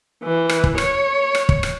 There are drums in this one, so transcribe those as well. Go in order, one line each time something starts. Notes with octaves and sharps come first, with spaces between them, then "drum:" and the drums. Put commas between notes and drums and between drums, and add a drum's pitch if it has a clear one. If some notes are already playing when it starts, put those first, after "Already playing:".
E3
drum: rim click
drum: kick
C#5, drum: rim click
drum: rim click
drum: kick
drum: rim click